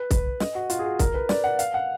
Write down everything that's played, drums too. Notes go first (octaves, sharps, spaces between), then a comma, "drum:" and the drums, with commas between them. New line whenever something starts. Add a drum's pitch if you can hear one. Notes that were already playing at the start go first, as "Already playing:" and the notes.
Already playing: B4
B4, drum: kick, hi-hat
D#5, drum: snare
F#4
F4, drum: hi-hat
G#4
F#4
A#4, drum: kick, hi-hat
B4
D5, drum: snare
F#5
F5, drum: hi-hat
F#5